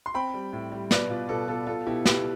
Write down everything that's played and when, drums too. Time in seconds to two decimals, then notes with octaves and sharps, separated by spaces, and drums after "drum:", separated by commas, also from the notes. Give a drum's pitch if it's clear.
0.06 C6
0.14 C4 G5 B5
0.34 G3
0.53 A2
0.72 G3
0.91 B2 B4 D5, drum: snare
1.10 B2 F4
1.29 B2 F4 A4
1.48 B3 F4 A4
1.67 B2 F4 A4
1.86 B2 E4 G4
2.05 B2 G4 B4, drum: snare